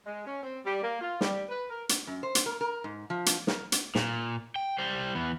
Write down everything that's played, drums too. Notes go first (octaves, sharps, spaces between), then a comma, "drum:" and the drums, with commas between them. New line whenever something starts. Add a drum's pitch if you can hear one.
G#3
C#4
C4
G3
A#3
F4
G3, drum: snare
B4
A#4
drum: hi-hat
F#2
C5
drum: hi-hat
A#4
A#4
G#2
F3
drum: hi-hat
A#4, drum: snare
drum: hi-hat
A#2, drum: snare
G5
G3 C5
E3 B3